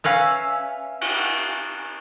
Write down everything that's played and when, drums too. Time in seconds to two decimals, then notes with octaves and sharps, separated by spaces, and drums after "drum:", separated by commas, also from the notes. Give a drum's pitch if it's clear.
0.04 C#4 B4 E5 F5 A#5 E6
1.01 drum: cymbal